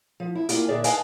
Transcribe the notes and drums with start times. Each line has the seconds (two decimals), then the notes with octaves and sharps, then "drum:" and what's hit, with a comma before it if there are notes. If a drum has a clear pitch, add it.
0.20 F3
0.35 E4
0.49 A#3 D4 F4 G4, drum: hi-hat
0.68 A#2 D3 D4 G#4 D5 E5
0.84 D#4 B4 D#5 F5 G#5 A5, drum: hi-hat